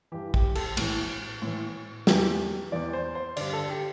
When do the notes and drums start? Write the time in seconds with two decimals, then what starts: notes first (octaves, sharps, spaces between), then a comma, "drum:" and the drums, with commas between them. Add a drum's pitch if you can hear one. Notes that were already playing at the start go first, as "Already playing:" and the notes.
0.12 G2 E3 G4
0.34 G4, drum: kick
0.55 A4, drum: cymbal
0.77 A2 E3, drum: cymbal
1.42 A2 E3
2.07 E2 E3 G4, drum: snare
2.72 E2 E3 D5
2.93 C5
3.15 C5
3.36 G2 D3 D5, drum: cymbal
3.53 A4
3.69 G4